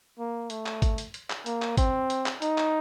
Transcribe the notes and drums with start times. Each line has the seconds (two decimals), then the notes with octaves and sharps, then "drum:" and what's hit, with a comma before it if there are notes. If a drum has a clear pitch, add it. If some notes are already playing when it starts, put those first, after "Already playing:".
0.19 A#3
0.50 A3, drum: hi-hat
0.66 drum: clap
0.82 drum: kick, hi-hat
0.98 drum: hi-hat
1.14 drum: hi-hat
1.30 drum: clap
1.46 A#3, drum: hi-hat
1.62 drum: clap
1.77 C4, drum: kick, hi-hat
2.10 drum: hi-hat
2.26 drum: clap
2.42 D#4, drum: hi-hat
2.58 drum: clap